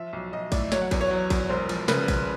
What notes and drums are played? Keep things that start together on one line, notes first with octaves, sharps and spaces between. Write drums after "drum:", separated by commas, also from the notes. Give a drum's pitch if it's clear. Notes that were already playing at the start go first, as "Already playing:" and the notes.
Already playing: F3 E5
B1
B1 D#5
A2 D5, drum: kick A1, cymbal
F#3 C#5, drum: snare
F#5
E2, drum: kick A1, cymbal
C#5
F#3
E2, drum: kick A1, cymbal
E1 C5
F3, drum: cymbal
C#3 B4, drum: snare
C#3, drum: kick A1, cymbal